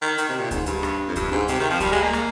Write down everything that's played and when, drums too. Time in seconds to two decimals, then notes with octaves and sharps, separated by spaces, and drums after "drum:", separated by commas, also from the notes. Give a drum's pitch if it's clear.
0.01 D#3
0.18 D#3, drum: hi-hat
0.29 C3
0.39 A#2
0.51 G#2, drum: kick D2, hi-hat
0.66 G2, drum: hi-hat
0.83 drum: rim click
1.08 F2
1.16 G2, drum: kick D2, hi-hat
1.32 G#2
1.48 C3, drum: hi-hat
1.60 D#3
1.70 F3
1.80 G3, drum: kick D2, hi-hat
1.92 G#3
2.02 A#3
2.13 drum: rim click